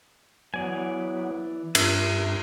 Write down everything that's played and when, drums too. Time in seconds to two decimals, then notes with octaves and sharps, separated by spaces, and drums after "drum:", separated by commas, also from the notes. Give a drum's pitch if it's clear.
0.54 E3 F#3 B3 D5 G#5
1.75 G2 E5, drum: cymbal